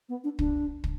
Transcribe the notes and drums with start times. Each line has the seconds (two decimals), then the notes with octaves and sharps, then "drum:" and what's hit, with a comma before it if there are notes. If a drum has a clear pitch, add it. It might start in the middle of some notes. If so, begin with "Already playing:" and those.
0.09 B3
0.24 D4
0.39 D4, drum: kick
0.84 drum: kick